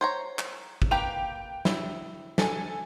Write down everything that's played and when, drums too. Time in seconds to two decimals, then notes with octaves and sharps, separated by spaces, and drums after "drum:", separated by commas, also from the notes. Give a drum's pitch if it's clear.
0.01 C5 C#5 A#5
0.39 drum: clap
0.82 drum: kick
0.91 A#3 G4 B4 G5 F7
1.65 E4, drum: snare
2.38 A4 G#5, drum: snare